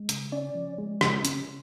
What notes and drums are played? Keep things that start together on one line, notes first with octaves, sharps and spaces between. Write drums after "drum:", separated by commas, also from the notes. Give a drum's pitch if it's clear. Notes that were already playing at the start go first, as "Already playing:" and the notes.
Already playing: G#3
C#3, drum: hi-hat
C#4 D5
F3
G#3
C#3, drum: rim click
C#4, drum: hi-hat